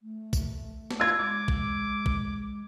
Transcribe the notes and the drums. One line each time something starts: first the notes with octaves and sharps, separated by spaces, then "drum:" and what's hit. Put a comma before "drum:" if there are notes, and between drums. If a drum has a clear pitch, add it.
A3
drum: kick, tambourine
drum: snare
F4 E6 G#6
G#3 D6
drum: kick
drum: kick